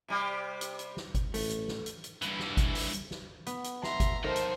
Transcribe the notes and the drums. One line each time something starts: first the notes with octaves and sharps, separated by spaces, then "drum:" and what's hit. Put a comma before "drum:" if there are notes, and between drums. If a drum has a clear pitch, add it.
C3 G3 G4
drum: hi-hat
drum: hi-hat
drum: snare
drum: kick G1, hi-hat
A1 A3, drum: open hi-hat
drum: hi-hat
drum: snare
drum: hi-hat
drum: hi-hat
G2 E3, drum: hi-hat
drum: snare
drum: kick G1, hi-hat
drum: open hi-hat
drum: hi-hat
drum: snare
B3, drum: hi-hat
drum: hi-hat
E5 A#5 C6, drum: snare
drum: kick G1, hi-hat
D#4 A4 A#4 C5
drum: hi-hat